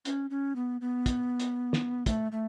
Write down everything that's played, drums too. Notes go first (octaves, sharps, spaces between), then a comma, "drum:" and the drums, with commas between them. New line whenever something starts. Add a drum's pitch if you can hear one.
C#4, drum: hi-hat
C#4
B3
B3
drum: kick, hi-hat
drum: hi-hat
drum: snare
A3, drum: kick, hi-hat
A3